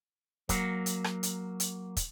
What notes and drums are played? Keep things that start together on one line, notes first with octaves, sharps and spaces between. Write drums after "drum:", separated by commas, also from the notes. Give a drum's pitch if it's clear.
F#3 A#3, drum: kick, hi-hat
drum: hi-hat
drum: rim click
drum: hi-hat
drum: hi-hat
drum: kick, hi-hat